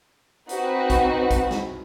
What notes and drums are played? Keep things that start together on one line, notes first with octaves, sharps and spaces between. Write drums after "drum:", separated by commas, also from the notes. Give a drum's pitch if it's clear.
C4 D#4 F#4 B4, drum: hi-hat
drum: kick, hi-hat
drum: kick, hi-hat
drum: snare